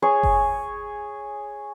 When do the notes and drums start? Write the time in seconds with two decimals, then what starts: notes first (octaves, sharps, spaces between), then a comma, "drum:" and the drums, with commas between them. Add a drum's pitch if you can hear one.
0.02 G#4 C#5
0.23 drum: kick F#1